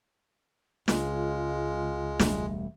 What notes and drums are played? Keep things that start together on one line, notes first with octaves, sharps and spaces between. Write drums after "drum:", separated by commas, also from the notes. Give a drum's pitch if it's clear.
C#2 G#3 F4, drum: snare
E1 G3 A3, drum: snare